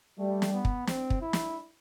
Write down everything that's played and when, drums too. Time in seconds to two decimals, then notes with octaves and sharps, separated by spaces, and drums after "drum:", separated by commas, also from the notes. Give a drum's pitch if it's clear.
0.19 G3 A3
0.42 drum: snare
0.53 B3
0.65 drum: kick
0.87 C4, drum: snare
1.10 drum: kick
1.22 E4
1.33 drum: snare